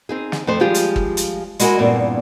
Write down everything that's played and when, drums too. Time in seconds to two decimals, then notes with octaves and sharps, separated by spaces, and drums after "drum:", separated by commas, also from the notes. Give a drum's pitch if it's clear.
0.09 C4 D#4 G#4
0.32 drum: snare
0.47 F2 A3 C5
0.60 F3 G3 G#3 F4 G4 G#4
0.75 drum: hi-hat
0.96 drum: kick
1.17 drum: hi-hat
1.60 G#3 E4 F#4 A#4 D#5 G#5, drum: hi-hat
1.79 E2 G2 A#2 C4 A#4